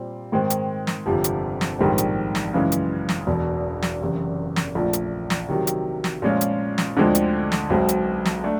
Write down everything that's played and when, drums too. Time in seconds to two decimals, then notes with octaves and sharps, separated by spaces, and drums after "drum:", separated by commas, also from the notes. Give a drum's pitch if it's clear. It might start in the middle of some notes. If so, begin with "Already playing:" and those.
Already playing: A#2 G3 C4
0.32 G#2 D#3 G#3 C4
0.50 drum: hi-hat
0.87 drum: snare
1.06 G1 F2 C3 F3
1.24 drum: hi-hat
1.61 drum: snare
1.79 A#1 G#2 D#3 G3 C4
1.98 drum: hi-hat
2.35 drum: snare
2.53 F#2 C#3 E3 G#3
2.72 drum: hi-hat
3.09 drum: snare
3.27 E1 E2 B2
3.82 drum: snare
4.01 F#1 E2 C3
4.56 drum: snare
4.75 A#1 A#2 F3 A3
4.93 drum: hi-hat
5.30 drum: snare
5.49 C3 D#3 F#3
5.67 drum: hi-hat
6.04 drum: snare
6.22 A#2 F3 G#3 C#4 F4
6.41 drum: hi-hat
6.78 drum: snare
6.97 D2 D3 F3 G#3 C4
7.15 drum: hi-hat
7.52 drum: snare
7.70 B1 B2 G#3 C4
7.89 drum: hi-hat
8.25 drum: snare
8.44 A3 D4